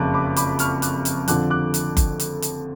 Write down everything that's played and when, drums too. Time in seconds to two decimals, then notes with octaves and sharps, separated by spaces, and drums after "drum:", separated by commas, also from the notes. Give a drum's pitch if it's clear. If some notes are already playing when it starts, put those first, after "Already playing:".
Already playing: F#1 F2 C#3 D6 F#6
0.14 B5 D6
0.36 B5 D6, drum: hi-hat
0.59 C#6 F6, drum: hi-hat
0.82 D6 F#6, drum: hi-hat
1.05 drum: hi-hat
1.28 F2 D3 F3 D6 F#6, drum: hi-hat
1.50 D6 F#6
1.74 drum: hi-hat
1.97 drum: kick F#1, hi-hat
2.20 drum: hi-hat
2.42 drum: hi-hat